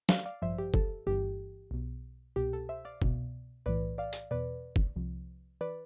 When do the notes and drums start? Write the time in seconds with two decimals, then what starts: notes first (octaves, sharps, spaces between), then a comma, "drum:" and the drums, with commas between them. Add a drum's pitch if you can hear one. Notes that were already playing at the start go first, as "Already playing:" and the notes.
0.09 D5 F5, drum: snare
0.26 D5 F5
0.42 A1 G2 F3 C5 E5
0.58 G4
0.74 A4, drum: kick
1.07 G1 G2 E3 G4
1.71 B1 B2
2.36 C2 B2 G4
2.53 A4
2.69 C5 E5
2.85 D5 F5
3.02 C2 B2, drum: kick
3.66 B1 A2 E3 B4 D5
3.98 D5 F5
4.13 drum: hi-hat
4.31 E2 B2 B4 D5
4.76 drum: kick
4.96 C2 C3 F3
5.61 E3 B4 D5